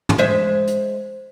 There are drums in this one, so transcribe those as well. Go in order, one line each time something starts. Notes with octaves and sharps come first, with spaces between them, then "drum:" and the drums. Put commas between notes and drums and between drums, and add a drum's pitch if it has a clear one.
drum: tom
G#3 C5 E5
drum: hi-hat